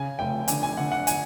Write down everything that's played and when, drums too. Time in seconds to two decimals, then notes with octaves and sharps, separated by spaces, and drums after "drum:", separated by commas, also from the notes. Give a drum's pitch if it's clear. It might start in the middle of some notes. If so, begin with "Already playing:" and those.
Already playing: C#3 G#5
0.19 F1 G5
0.48 D3 G#5, drum: hi-hat
0.63 G#5
0.77 D3 F#5
0.92 F#5
1.07 G#5, drum: hi-hat